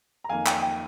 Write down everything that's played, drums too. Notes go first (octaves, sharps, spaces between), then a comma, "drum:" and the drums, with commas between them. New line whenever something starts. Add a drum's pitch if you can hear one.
A#5
F2 D#3 A#3 F5 G#5
G5, drum: clap
G5